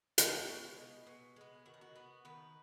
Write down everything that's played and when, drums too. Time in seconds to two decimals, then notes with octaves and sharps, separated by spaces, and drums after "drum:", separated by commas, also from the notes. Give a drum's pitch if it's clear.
0.18 F#3 B3, drum: hi-hat
0.47 B2
0.77 G#3 B3
1.07 B2
1.36 G#3 B3
1.66 D#3 F#4
1.74 D#4
1.81 F#4
1.96 B3
2.25 D#3 B4